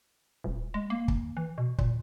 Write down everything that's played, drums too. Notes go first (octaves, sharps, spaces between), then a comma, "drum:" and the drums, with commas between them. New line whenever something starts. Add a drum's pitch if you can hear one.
D#1
G#3
A#3
drum: kick
E3
B2
A#2, drum: kick